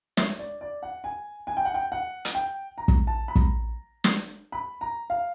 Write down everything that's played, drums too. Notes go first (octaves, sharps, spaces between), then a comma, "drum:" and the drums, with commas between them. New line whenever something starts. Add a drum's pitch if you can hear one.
C#5, drum: snare
D5
D5
F#5
G#5
G#5
G5
F#5
G5
F#5
drum: hi-hat
G5
A#5
drum: kick
A5
B5
A#5, drum: kick
drum: snare
B5
A#5
F5